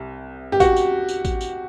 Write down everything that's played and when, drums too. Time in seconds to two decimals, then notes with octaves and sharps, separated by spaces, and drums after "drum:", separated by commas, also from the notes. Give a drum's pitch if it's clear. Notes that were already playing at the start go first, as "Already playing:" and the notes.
Already playing: C2 C3
0.52 G4
0.60 F#4, drum: kick A1, tambourine
0.76 drum: tambourine
1.09 drum: tambourine
1.25 drum: kick A1, tambourine
1.41 drum: tambourine